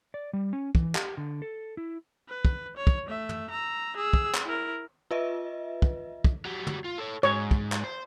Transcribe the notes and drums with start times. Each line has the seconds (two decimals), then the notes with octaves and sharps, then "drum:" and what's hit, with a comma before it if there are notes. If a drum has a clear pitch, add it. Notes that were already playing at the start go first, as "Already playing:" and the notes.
0.14 D5
0.33 G3
0.53 C#4
0.75 E3, drum: kick
0.95 G4, drum: clap
1.17 D3
1.42 A4
1.77 E4
2.29 B4
2.45 drum: kick
2.77 C#5
2.87 drum: kick
3.07 A3 E5
3.29 drum: tom
3.50 A#5 E6
3.97 G#4 E6
4.13 drum: kick
4.35 drum: clap
4.45 E4 A#4
5.11 F4 B4 D#5 E5
5.82 drum: kick
6.24 drum: kick
6.45 F#3 G3
6.67 drum: tom
6.84 F4
6.98 A4 C#5
7.23 G#2 C#5
7.51 drum: kick
7.72 drum: clap
7.84 C5